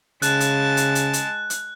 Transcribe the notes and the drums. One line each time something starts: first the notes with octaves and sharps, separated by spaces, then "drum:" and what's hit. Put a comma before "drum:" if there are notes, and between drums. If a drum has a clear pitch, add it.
C#3 G#3 A5 F#6, drum: hi-hat
drum: hi-hat
drum: hi-hat
drum: hi-hat
drum: hi-hat
drum: hi-hat